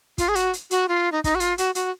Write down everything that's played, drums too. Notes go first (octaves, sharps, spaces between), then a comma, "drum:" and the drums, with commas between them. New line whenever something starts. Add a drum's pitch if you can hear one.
F4, drum: kick, hi-hat
G#4
F#4, drum: hi-hat
drum: hi-hat
F#4, drum: hi-hat
F4
D#4
D#4, drum: kick, hi-hat
F#4
F4, drum: hi-hat
F#4, drum: hi-hat
F#4, drum: hi-hat